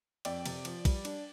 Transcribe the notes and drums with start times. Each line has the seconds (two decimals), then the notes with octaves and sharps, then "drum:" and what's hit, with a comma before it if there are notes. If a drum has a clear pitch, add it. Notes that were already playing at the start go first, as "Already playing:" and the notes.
0.25 F2 D5 G5, drum: cymbal
0.46 C3, drum: cymbal
0.65 F3, drum: cymbal
0.85 G3, drum: kick, cymbal
1.05 D4, drum: cymbal